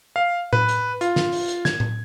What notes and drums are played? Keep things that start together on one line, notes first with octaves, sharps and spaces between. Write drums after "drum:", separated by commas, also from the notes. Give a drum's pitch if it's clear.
F5
B4, drum: tom A2
drum: hi-hat
F4, drum: hi-hat
drum: snare
drum: open hi-hat
drum: hi-hat
G#6, drum: snare
drum: tom A2